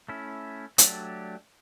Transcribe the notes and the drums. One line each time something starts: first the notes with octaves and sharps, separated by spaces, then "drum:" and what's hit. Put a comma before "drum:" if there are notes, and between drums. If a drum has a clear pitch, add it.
A3 C#4 E4
F#3 A3 D4 G4 D5, drum: hi-hat